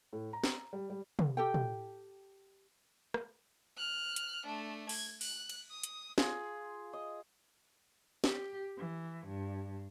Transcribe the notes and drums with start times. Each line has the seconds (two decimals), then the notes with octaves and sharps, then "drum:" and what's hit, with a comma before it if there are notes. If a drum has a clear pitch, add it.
0.13 A2
0.33 A#5
0.44 drum: snare
0.73 G3
0.90 G3
1.19 drum: tom
1.37 G4 A4 G5
1.54 drum: tom
3.14 drum: rim click
3.77 F6 F#6
4.16 drum: hi-hat
4.46 A3 D4
4.89 G#6, drum: open hi-hat
5.21 F#6, drum: open hi-hat
5.49 drum: cymbal
5.71 D#6
5.83 drum: hi-hat
6.18 F4 G#4, drum: snare
6.93 D#5
8.24 G4, drum: snare
8.78 E3
9.27 G2